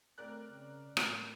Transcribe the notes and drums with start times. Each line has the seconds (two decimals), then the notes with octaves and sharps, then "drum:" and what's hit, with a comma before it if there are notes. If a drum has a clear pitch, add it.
0.18 A3 C4 A#4 D5 F#6
0.51 C#3
0.97 A2, drum: rim click